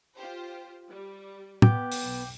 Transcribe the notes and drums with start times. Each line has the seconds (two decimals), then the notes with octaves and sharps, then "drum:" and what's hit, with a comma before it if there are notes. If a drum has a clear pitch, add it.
0.16 F4 G4 C5
0.90 G3
1.62 B3 G5 D6 G6, drum: tom
1.92 drum: open hi-hat
2.04 B1